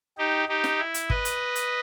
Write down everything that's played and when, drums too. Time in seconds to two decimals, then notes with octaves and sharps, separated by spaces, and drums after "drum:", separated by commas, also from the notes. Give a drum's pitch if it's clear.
0.18 D#4 G4
0.48 D#4 G4
0.64 drum: snare
0.79 E4
0.94 drum: hi-hat
1.10 B4 D#5, drum: kick
1.25 drum: hi-hat
1.55 drum: hi-hat